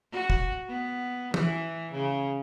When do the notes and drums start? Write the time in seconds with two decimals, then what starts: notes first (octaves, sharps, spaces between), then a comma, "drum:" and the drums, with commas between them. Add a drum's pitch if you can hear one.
0.12 F#4
0.30 drum: kick
0.69 B3
1.34 E3, drum: tom E3
1.93 C#3